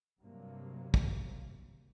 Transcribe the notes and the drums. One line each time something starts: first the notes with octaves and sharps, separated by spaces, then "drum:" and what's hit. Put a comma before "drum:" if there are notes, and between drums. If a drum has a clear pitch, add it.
G2 C3 F#3 A#3
drum: kick